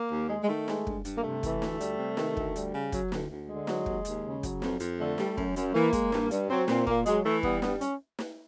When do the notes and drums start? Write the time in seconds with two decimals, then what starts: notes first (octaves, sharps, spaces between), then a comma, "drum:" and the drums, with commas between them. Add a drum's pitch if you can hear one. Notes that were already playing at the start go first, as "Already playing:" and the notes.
Already playing: A#3
0.11 D#2
0.29 G#3
0.43 G#3
0.48 D#3 A3
0.68 G#3, drum: snare
0.87 G2, drum: kick
1.05 G2, drum: hi-hat
1.17 A#3
1.23 C3 A3
1.43 E3, drum: kick, hi-hat
1.62 D2, drum: snare
1.81 G3, drum: hi-hat
1.99 C3
2.17 D#3, drum: snare
2.37 D2, drum: kick
2.56 G3, drum: hi-hat
2.73 C#3
2.92 F#3, drum: kick, hi-hat
3.12 D2, drum: snare
3.30 D2
3.49 D3 G#3
3.67 F#3, drum: snare
3.86 D#2, drum: kick
4.05 D#2, drum: hi-hat
4.24 C#3
4.43 F#3, drum: kick, hi-hat
4.62 F2, drum: snare
4.80 F2, drum: hi-hat
5.00 D3 A3
5.18 G3, drum: snare
5.37 F#2, drum: kick
5.56 F#2, drum: hi-hat
5.74 E3 A#3
5.93 G#3, drum: kick, hi-hat
6.12 G2, drum: snare
6.31 G2, drum: hi-hat
6.50 F#3 C4
6.68 A#2 C4, drum: snare
6.87 A#2 A#3, drum: kick
7.06 F#3 G#3, drum: hi-hat
7.25 E3 A3
7.43 G3 B3, drum: kick
7.62 G2 B3, drum: snare
7.81 C#4, drum: hi-hat
8.19 drum: snare